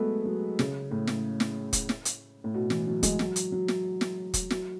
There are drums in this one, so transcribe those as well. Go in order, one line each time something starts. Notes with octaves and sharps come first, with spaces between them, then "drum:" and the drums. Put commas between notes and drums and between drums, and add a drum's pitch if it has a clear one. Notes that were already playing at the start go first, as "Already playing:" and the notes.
Already playing: F#3 G#3 A3 B3
F#3
C#3, drum: snare
A2
drum: snare
drum: snare
drum: kick, hi-hat
drum: snare
drum: hi-hat
A2
B2
E3, drum: snare
F#3
G#3, drum: kick, hi-hat
F#3, drum: snare
drum: hi-hat
F#3
drum: snare
drum: snare
drum: kick, hi-hat
F#3, drum: snare